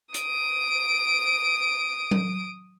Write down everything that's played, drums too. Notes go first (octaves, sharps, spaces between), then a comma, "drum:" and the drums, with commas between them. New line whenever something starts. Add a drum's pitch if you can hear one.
D#6 D7, drum: hi-hat
drum: tom F#3